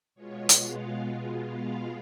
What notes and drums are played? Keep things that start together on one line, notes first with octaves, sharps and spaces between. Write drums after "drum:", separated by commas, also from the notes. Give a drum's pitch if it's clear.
B2 G#3 B3 F4 C#5
drum: hi-hat
F5
F5